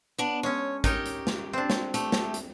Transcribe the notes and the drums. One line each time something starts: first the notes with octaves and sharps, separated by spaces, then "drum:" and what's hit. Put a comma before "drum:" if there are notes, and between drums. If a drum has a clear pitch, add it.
B3 D4
G#3 C#4 C#5
D#4 G4 A#4 C#5, drum: kick, hi-hat
drum: hi-hat
drum: snare
C4 D4
drum: snare
A3 G4, drum: hi-hat
drum: snare
drum: hi-hat